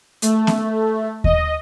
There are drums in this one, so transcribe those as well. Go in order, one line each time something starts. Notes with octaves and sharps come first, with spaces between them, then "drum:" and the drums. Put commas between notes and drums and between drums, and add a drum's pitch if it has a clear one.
A3, drum: hi-hat
drum: snare B3
D#5, drum: kick D#2